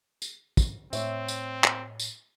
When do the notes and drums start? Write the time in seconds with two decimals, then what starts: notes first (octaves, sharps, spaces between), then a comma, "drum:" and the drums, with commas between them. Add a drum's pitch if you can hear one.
0.22 drum: tambourine
0.57 drum: kick, tambourine
0.93 A2 C4 C#5 E5, drum: tambourine
1.28 drum: tambourine
1.64 drum: clap
2.00 drum: tambourine